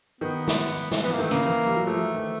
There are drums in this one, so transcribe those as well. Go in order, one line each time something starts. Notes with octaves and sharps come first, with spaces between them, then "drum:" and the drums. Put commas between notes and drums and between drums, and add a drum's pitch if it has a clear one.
D#3 B3
drum: snare
drum: snare
E3 B3
A#3
D#3 A3
C#3 A#3, drum: hi-hat
E3
G3
F#3
F3 A3
E3
D#3